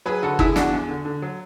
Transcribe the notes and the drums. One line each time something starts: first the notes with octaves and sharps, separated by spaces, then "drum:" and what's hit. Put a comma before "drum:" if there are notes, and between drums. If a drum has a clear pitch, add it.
F#3 G#4 B4
D3 F#4 A4
D3 E4 G#4, drum: kick
E2 D4 F#4, drum: snare
E2
D3
D3
F#3